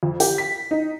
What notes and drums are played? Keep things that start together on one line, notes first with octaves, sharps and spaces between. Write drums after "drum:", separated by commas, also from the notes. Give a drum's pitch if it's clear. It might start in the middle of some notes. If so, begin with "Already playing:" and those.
F2
G4, drum: open hi-hat
B6
D#4